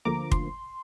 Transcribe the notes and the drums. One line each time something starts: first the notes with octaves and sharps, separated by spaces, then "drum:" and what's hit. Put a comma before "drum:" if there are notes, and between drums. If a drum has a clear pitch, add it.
D2 D3 F3 A#3 A#5 D6
C6, drum: kick